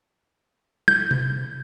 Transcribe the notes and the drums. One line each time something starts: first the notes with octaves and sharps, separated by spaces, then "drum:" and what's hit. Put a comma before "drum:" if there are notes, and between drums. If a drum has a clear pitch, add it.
G6, drum: tom
drum: tom C3